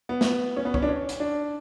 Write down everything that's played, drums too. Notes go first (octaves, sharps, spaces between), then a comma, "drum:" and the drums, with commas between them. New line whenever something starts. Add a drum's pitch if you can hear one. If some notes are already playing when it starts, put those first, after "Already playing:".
B3
drum: snare
C#4
B3
C#4, drum: kick
D4
C#4
drum: hi-hat
D4